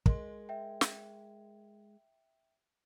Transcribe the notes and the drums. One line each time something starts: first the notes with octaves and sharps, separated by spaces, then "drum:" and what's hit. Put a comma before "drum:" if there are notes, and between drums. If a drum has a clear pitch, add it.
G#3 A#4 D#5 C6, drum: kick
E5 G5
drum: snare